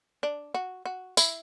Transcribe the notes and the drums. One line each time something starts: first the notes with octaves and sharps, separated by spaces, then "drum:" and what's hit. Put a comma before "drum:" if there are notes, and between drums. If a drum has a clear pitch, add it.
D4
F#4
F#4
E4, drum: tambourine